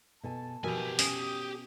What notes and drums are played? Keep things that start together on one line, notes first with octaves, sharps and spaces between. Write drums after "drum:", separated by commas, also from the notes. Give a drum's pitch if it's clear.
B2 A4 G#5 A5
B2 F3 G4 A#4 E5 G#5
C#4 D#6, drum: open hi-hat